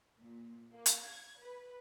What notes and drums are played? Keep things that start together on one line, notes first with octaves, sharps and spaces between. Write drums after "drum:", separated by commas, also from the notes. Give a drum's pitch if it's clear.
A#2
A#3
drum: hi-hat
G#6
B4